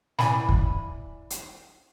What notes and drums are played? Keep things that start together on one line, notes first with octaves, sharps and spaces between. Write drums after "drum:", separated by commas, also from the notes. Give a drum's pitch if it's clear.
E4 D5 G#5 B5, drum: snare
drum: kick
drum: hi-hat